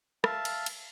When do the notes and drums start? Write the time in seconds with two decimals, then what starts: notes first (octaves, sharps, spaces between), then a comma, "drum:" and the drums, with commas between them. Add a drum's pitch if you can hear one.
0.24 E5 F5 A5, drum: rim click
0.45 drum: cymbal
0.66 drum: cymbal